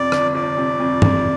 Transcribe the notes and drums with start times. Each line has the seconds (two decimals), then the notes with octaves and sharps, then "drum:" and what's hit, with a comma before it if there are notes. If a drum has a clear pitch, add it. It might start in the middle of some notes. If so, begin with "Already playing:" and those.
Already playing: F2 C3 D5
0.12 G1, drum: rim click
0.35 G1 D5
0.57 C3
0.80 F2
1.02 C3, drum: tom